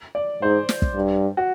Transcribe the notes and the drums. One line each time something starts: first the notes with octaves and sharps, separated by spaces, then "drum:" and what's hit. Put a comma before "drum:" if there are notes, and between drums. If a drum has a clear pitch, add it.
D5
G#2 C5
drum: snare
drum: kick
G2
F#4